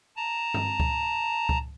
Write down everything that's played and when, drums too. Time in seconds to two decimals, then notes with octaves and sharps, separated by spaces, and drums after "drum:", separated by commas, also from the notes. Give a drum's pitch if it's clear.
0.16 A5 A#5
0.54 drum: tom G2
0.80 drum: kick C#2
1.49 drum: kick C#2